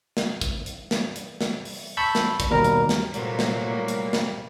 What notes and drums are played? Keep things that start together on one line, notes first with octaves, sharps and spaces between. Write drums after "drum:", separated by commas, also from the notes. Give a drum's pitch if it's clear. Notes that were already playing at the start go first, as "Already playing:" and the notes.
drum: snare
drum: kick, hi-hat
drum: hi-hat
drum: snare
drum: hi-hat
drum: snare
drum: open hi-hat
A5 B5 C#6 E6 G6
drum: snare
drum: kick, hi-hat
D#2 B2 G3 A#4 A#5
drum: hi-hat
drum: snare
A#2 F#3 G3 A3 A#3 F#4 C5, drum: hi-hat
drum: snare
drum: hi-hat
drum: snare